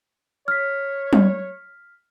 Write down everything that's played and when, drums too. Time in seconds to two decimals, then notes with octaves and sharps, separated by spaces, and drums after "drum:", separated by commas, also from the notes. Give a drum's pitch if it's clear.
0.48 C#5 F6 B6
1.13 drum: tom F#3